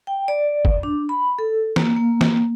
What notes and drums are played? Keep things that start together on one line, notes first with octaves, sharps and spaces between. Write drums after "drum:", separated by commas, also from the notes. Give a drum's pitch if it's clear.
G5
D5
drum: kick
D4
B5
A4
A#3, drum: snare
A#3
drum: snare